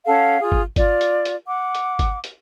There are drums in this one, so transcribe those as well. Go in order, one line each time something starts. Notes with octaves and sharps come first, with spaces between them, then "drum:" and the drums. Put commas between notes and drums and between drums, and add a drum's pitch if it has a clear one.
C#4 A4 F5 F#5
F4 G#4
drum: kick G1
F4 D5, drum: kick G1, hi-hat
drum: hi-hat
drum: hi-hat
F#5 D6
drum: hi-hat
drum: kick G1, hi-hat
drum: hi-hat